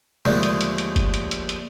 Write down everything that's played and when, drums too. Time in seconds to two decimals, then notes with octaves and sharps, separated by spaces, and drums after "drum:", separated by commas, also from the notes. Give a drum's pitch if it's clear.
0.25 D#2 D3 D#3 F3 G#3 A3, drum: snare
0.43 drum: hi-hat
0.61 drum: hi-hat
0.78 drum: hi-hat
0.96 drum: kick G1, hi-hat
1.14 drum: hi-hat
1.31 drum: hi-hat
1.49 drum: hi-hat